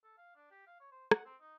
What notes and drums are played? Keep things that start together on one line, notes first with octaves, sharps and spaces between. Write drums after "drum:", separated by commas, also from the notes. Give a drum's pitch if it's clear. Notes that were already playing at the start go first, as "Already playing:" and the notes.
A4
F5
D4
G4
F5
C#5
C5
F#5, drum: rim click
C4
D#4